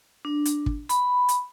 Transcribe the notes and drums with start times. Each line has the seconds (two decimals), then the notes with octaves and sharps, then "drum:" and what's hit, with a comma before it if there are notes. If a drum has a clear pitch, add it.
0.25 D4
0.45 drum: hi-hat
0.66 drum: kick
0.89 B5, drum: hi-hat
1.28 drum: hi-hat